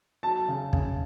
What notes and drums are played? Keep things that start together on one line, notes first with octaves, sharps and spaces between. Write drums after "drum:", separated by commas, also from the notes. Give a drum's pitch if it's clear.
F#3 A5
C#3
C#3, drum: kick